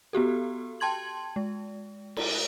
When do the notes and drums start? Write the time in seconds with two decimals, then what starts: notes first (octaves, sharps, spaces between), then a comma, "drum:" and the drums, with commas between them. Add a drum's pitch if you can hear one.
0.13 B3 F#4 G4 A4
0.80 G5 A5 C6 G#6 F#7
1.36 G#3
2.16 drum: cymbal